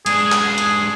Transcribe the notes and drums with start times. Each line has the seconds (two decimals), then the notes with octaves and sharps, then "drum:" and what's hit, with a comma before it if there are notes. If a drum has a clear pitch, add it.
0.06 G#2 D4 G#4, drum: hi-hat
0.32 drum: clap
0.58 drum: hi-hat